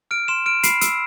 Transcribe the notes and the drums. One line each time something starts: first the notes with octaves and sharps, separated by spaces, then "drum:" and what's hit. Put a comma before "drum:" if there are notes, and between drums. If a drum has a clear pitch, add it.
F6 D7
C6 E7
F6 D7
B5 C7, drum: hi-hat
E6, drum: hi-hat